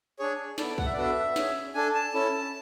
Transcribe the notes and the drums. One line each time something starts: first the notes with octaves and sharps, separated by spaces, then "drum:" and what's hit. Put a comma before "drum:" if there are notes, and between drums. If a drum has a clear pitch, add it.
D4 G#4 C#5
B3 E4 A4 D5, drum: snare
F#5, drum: kick B1
E5
D5
B3 D4 F#4 A4 E5
C#4 G#4, drum: snare
D4 A4 G#5
A5
C#4 E4 A4